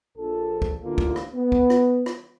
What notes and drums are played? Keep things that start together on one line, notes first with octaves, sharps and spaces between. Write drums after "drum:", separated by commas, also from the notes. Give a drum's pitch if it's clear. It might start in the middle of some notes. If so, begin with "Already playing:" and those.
A#1 A4
drum: kick
A1 D2 D3 A#3 F4
drum: kick
drum: rim click
B3
drum: kick
drum: rim click
drum: rim click